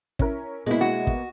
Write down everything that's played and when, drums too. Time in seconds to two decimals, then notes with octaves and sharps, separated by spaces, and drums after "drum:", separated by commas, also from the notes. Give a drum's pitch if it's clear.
0.19 C#4 E4 A#4, drum: kick
0.66 B2 G#3 A#3 B3 E4
0.81 F#4
1.07 drum: kick